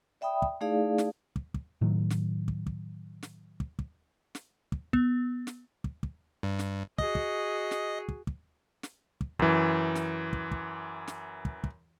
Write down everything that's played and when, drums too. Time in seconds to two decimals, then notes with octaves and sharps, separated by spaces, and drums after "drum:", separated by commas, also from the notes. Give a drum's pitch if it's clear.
0.21 D5 E5 G5 B5 D#6
0.42 drum: kick
0.61 A3 D#4 E4 G#4 D5 F5
0.98 drum: snare
1.36 drum: kick
1.54 drum: kick
1.81 A2 D#3 F#3
2.10 drum: snare
2.48 drum: kick
2.66 drum: kick
3.23 drum: snare
3.60 drum: kick
3.79 drum: kick
4.35 drum: snare
4.72 drum: kick
4.93 B3, drum: kick
5.47 drum: snare
5.84 drum: kick
6.03 drum: kick
6.43 G2
6.59 drum: snare
6.98 F#4 G#4 D#5, drum: kick
7.15 drum: kick
7.71 drum: snare
8.08 drum: kick
8.27 drum: kick
8.83 drum: snare
9.21 drum: kick
9.39 F#2 E3, drum: kick
9.95 drum: snare
10.33 drum: kick
10.51 drum: kick
11.08 drum: snare
11.45 drum: kick
11.64 drum: kick